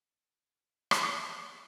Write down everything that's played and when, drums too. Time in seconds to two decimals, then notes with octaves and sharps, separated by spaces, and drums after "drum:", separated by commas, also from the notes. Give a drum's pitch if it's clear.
0.34 F5
0.91 drum: rim click